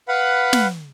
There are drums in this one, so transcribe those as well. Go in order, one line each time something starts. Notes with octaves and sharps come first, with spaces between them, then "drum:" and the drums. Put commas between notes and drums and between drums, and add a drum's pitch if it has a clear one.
B4 F5 F#5 B5
drum: snare